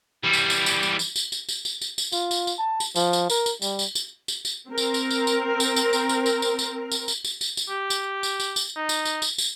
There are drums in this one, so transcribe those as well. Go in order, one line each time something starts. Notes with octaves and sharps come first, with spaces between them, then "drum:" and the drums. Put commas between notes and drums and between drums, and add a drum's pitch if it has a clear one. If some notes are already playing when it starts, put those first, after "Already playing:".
E3 G3
drum: tambourine
drum: tambourine
drum: tambourine
drum: tambourine
drum: tambourine
drum: tambourine
drum: tambourine
drum: tambourine
drum: tambourine
drum: tambourine
drum: tambourine
F4, drum: tambourine
drum: tambourine
drum: tambourine
A5
drum: tambourine
F3, drum: tambourine
drum: tambourine
A#4, drum: tambourine
drum: tambourine
G3, drum: tambourine
drum: tambourine
drum: tambourine
drum: tambourine
drum: tambourine
C4 A#4
drum: tambourine
drum: tambourine
drum: tambourine
drum: tambourine
drum: tambourine
drum: tambourine
drum: tambourine
drum: tambourine
drum: tambourine
drum: tambourine
drum: tambourine
drum: tambourine
drum: tambourine
drum: tambourine
drum: tambourine
drum: tambourine
G4
drum: tambourine
drum: tambourine
drum: tambourine
drum: tambourine
D#4
drum: tambourine
drum: tambourine
drum: tambourine
drum: tambourine